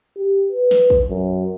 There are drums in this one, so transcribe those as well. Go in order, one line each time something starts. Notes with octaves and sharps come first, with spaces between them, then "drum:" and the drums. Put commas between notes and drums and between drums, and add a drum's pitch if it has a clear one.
G4
B4
drum: snare
drum: kick
F#2